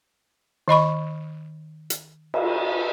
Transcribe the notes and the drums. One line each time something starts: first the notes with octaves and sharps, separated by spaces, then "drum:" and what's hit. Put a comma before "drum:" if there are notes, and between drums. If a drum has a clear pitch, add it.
D#3 D#5 B5 C#6
drum: hi-hat
drum: cymbal